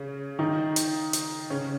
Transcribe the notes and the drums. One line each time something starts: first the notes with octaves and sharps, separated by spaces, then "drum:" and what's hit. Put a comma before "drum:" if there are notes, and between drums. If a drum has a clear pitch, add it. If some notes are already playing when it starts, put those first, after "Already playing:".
Already playing: C#3 C#4
D#3 D#4
drum: hi-hat
drum: hi-hat
C#3 C#4